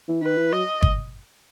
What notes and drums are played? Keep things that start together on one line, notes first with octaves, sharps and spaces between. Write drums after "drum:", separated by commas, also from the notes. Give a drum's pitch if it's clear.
E3
D#3 B4
E3
F#3 D#5
drum: kick G1